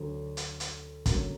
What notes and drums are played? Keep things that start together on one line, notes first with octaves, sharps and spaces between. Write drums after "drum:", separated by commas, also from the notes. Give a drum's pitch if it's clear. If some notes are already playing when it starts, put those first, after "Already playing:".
Already playing: D2 D3 F#3
drum: hi-hat
drum: hi-hat
F#2 D3 F#3 A#3, drum: kick, hi-hat